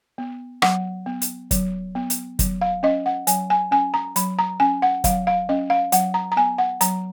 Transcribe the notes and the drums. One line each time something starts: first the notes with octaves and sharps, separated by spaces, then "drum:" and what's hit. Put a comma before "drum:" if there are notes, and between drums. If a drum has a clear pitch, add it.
B3
F#3 F#5, drum: rim click
B3
drum: hi-hat
F#3, drum: kick, hi-hat
B3
drum: hi-hat
F#3, drum: kick, hi-hat
F5
C#4 D#5
F#5
F#3 G#5, drum: hi-hat
G#5
C#4 G#5
A#5
F#3 B5, drum: hi-hat
A#5
C#4 G#5
F#5
F#3 F5, drum: kick, hi-hat
F5
C#4 D#5
F5
F#3 F#5, drum: hi-hat
A#5
A#5
B3 G#5
F#5
F#3 A#5, drum: hi-hat